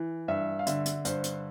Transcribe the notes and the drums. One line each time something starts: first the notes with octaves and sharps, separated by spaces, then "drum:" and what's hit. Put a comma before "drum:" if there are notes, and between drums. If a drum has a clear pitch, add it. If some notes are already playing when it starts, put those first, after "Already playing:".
Already playing: E3
G2 E5
F5
D3 E5, drum: hi-hat
drum: hi-hat
G2 C5, drum: hi-hat
drum: hi-hat